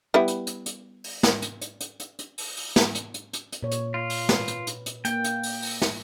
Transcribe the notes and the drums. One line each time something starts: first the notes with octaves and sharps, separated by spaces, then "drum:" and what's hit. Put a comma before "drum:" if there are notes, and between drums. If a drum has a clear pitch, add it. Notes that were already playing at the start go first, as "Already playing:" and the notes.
G3 B3 E4
drum: hi-hat
drum: hi-hat
drum: hi-hat
drum: open hi-hat
drum: snare
drum: hi-hat
drum: hi-hat
drum: hi-hat
drum: hi-hat
drum: hi-hat
drum: open hi-hat
drum: open hi-hat
drum: snare
drum: hi-hat
drum: hi-hat
drum: hi-hat
drum: hi-hat
A#2 C#5
drum: hi-hat
F4
drum: open hi-hat
B4, drum: snare
drum: hi-hat
drum: hi-hat
drum: hi-hat
A#3 G5, drum: hi-hat
drum: hi-hat
drum: open hi-hat
drum: open hi-hat
drum: snare